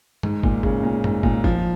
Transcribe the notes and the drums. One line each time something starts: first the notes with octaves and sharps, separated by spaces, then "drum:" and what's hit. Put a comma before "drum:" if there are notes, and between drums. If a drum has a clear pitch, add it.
G#2, drum: tom G2
A#2, drum: kick
C#3, drum: kick
A#2
G#2, drum: tom F#2
A#2, drum: kick
F3, drum: kick